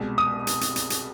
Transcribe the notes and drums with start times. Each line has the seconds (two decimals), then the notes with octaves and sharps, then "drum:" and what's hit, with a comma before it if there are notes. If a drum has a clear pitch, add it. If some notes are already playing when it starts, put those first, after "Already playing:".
Already playing: C2 B2 G#3
0.18 D#6
0.47 drum: hi-hat
0.61 drum: hi-hat
0.76 drum: hi-hat
0.90 drum: hi-hat